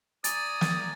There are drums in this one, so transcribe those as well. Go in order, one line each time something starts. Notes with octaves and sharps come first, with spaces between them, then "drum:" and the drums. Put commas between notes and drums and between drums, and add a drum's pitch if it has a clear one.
D5 G#5 A#5 D#6 A6, drum: hi-hat
drum: snare